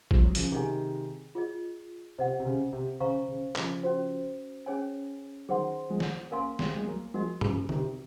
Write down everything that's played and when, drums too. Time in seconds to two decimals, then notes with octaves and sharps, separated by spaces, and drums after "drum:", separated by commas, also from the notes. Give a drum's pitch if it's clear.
0.11 F3, drum: kick
0.23 F#3
0.35 C#3 F3, drum: hi-hat
0.52 C3 D#3 G#4 D#5 G#5
1.35 F4 G#4 D#5
2.18 C3 C5 D#5 F#5
2.40 C3
2.46 C#3
2.73 C3
3.00 C#3 C5 F5 A#5 C#6
3.28 C#3
3.56 C#3 F3, drum: clap
3.83 C#4 F#4 C5
4.66 C#4 G#4 C#5 G#5
5.49 D#3 F#3 G#4 C5 F#5 C6
5.90 F3 G#3
6.00 drum: snare
6.31 A#3 C#4 A#4 F5 G#5 C6
6.59 G#3 C4, drum: snare
6.76 G#3
6.87 F#3 A#3
7.14 F3 G#3 F#4 A#4 D#5
7.41 C#3, drum: tom
7.69 C3 D#3, drum: tom